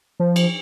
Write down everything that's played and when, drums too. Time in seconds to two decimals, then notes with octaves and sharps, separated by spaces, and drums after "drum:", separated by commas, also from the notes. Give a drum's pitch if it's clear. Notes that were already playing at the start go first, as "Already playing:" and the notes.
0.20 F3
0.36 drum: cymbal